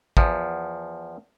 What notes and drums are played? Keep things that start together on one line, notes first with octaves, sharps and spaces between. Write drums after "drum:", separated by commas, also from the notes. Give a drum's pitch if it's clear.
E2 F3, drum: kick